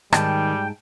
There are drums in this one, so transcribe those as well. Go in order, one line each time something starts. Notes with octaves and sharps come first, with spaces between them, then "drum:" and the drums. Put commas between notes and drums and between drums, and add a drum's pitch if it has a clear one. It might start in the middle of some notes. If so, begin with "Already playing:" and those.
G#2 D#3 G3 G5 A5, drum: rim click